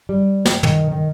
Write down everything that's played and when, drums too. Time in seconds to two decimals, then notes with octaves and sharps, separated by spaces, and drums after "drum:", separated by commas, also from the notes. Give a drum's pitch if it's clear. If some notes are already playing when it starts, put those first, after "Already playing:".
0.09 G3
0.45 G5, drum: snare
0.63 D#3, drum: tom
0.91 D#3